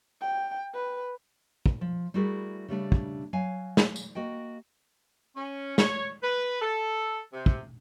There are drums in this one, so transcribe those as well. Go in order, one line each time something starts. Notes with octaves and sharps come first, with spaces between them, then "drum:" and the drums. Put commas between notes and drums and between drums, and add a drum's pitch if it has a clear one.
G5
B4
drum: kick
F3
G3 A3 E4 F#4 G#4 A#4
C#3 G3 A3 D4
drum: kick
F#3 F5 G#5
drum: snare
drum: tambourine
A#3 F#4 D#5 G5
C#4
C#5, drum: snare
B4
A4
C3
drum: kick